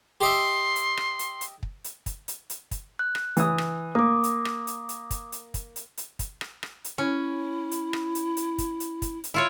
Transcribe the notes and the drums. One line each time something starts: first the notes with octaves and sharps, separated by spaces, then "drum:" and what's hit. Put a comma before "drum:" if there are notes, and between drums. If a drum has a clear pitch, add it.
G4 D#5 E5 C6
drum: hi-hat
drum: rim click
drum: hi-hat
drum: hi-hat
drum: kick
drum: hi-hat
drum: kick, hi-hat
drum: hi-hat
drum: hi-hat
drum: kick, hi-hat
F#6
drum: rim click
E3 D#6, drum: hi-hat
drum: rim click
A#3 D6 D#6
drum: hi-hat
drum: rim click
drum: hi-hat
drum: hi-hat
drum: kick, hi-hat
drum: hi-hat
drum: kick, hi-hat
drum: hi-hat
drum: hi-hat
drum: kick, hi-hat
drum: rim click
drum: rim click
drum: hi-hat
C#4 E4
drum: hi-hat
drum: rim click
drum: hi-hat
drum: hi-hat
drum: kick, hi-hat
drum: hi-hat
drum: kick, hi-hat
drum: hi-hat
E4 F4 C#5